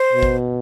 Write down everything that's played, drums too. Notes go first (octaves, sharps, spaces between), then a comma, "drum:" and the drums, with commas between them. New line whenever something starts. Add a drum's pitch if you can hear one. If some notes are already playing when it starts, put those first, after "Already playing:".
Already playing: C5
B2
drum: kick G#1